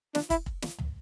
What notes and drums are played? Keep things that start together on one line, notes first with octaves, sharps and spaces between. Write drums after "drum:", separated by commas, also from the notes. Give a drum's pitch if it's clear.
D4, drum: snare
E4, drum: kick, hi-hat
drum: kick
drum: snare
drum: tom